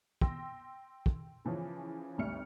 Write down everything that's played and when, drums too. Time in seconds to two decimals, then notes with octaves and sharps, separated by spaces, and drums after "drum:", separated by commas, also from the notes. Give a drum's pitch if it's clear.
0.21 G5 C6 E6 A#6, drum: kick
1.06 drum: kick
1.45 C#3 E3 F3 C#4
2.18 G#1 D2 G3 E5 F6 C#7